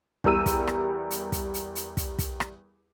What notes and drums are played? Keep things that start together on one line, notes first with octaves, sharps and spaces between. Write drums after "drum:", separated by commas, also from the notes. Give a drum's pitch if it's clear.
E2 G3 A#4 E6 D#7, drum: kick
drum: kick, hi-hat
drum: rim click
drum: hi-hat
drum: kick, hi-hat
drum: hi-hat
drum: hi-hat
drum: kick, hi-hat
drum: kick, hi-hat
drum: rim click